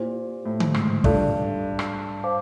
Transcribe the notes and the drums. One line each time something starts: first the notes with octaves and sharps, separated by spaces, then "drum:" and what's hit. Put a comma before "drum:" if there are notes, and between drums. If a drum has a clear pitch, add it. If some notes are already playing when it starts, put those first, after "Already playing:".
Already playing: A#2 E4 G4 C5
A2
drum: tom D3
G#2, drum: rim click
G2 D4 F4 A4 D5, drum: kick
drum: rim click
C5 F5 A5 D6